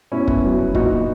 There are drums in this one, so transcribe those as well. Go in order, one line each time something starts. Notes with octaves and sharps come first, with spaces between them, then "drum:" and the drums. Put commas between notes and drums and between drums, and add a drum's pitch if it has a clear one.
B2 C#4 E4
B3, drum: kick
F#3
B3
A#2 D#4 F#4, drum: kick
B3